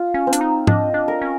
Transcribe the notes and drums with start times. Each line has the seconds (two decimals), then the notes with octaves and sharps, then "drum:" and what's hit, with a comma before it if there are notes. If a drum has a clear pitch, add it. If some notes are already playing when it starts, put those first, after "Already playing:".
Already playing: F4
0.14 C#4
0.27 C4
0.33 D4, drum: hi-hat
0.41 D#4
0.67 D4 D#5, drum: tom
0.94 D4
1.08 A#4
1.21 C#4